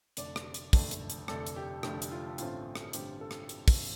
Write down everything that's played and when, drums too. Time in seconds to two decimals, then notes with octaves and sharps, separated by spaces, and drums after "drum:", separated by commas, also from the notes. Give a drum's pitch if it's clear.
0.17 F1 F2 D3 A3 D4 D5, drum: hi-hat
0.36 drum: rim click
0.54 drum: hi-hat
0.73 F1 F2 D3 A3 D4, drum: kick, open hi-hat
0.91 drum: hi-hat
1.10 drum: hi-hat
1.28 F1 F2 D3 A3 D4 A4, drum: rim click
1.46 drum: hi-hat
1.56 G4
1.83 F1 F2 D3 A3 D4 G4, drum: rim click
2.02 drum: hi-hat
2.12 F4
2.38 A1 G2 D3 A3 C4 F4, drum: hi-hat
2.75 drum: rim click
2.93 A1 G2 D3 A3 C4 G4, drum: hi-hat
3.21 A4
3.31 drum: rim click
3.49 drum: hi-hat
3.68 drum: kick, open hi-hat